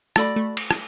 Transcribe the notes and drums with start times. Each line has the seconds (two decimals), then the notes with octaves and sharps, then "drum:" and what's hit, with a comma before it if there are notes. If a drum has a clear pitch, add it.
0.16 A3 F#4 A4 D5 B5, drum: rim click
0.36 A3
0.57 drum: cymbal
0.71 drum: rim click